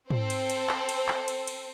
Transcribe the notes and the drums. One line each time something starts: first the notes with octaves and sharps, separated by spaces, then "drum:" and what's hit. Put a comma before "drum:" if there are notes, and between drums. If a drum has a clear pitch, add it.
C4 A4 C5, drum: tom
drum: cymbal
drum: cymbal
drum: clap
drum: cymbal
drum: clap
drum: cymbal
drum: cymbal